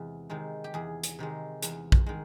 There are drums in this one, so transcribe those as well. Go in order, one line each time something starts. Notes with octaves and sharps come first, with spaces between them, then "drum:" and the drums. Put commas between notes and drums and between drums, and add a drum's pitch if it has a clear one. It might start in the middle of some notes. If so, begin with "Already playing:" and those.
Already playing: E2 C3 G#3
C3 D#3 G#3
G4
E2 G#4
drum: hi-hat
C3 D#3 G#3
E2, drum: hi-hat
drum: kick A#1
D#3 G#3